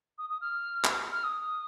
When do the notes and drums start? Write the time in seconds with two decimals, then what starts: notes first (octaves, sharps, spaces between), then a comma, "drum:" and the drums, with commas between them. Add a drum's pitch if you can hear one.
0.18 D#6
0.30 D#6
0.41 F6
0.85 drum: clap
1.12 F6
1.24 D#6